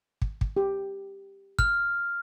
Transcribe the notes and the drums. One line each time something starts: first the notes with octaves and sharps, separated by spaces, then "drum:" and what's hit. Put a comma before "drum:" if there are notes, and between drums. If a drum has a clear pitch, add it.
drum: kick
drum: kick
G4
F6, drum: kick